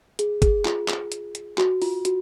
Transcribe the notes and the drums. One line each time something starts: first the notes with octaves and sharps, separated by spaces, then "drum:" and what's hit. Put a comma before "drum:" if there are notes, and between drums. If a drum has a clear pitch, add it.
G#4, drum: hi-hat
G#4, drum: kick, hi-hat
F4, drum: clap
drum: clap
drum: hi-hat
drum: hi-hat
F#4, drum: clap
F4, drum: open hi-hat
F#4, drum: hi-hat